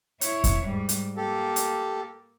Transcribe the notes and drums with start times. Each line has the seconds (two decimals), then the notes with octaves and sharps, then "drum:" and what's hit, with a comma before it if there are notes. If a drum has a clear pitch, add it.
0.21 E4 C#5, drum: hi-hat
0.44 drum: kick E2, hi-hat
0.65 G#2 G3
0.89 drum: hi-hat
1.17 A#3 G4 A4
1.56 drum: hi-hat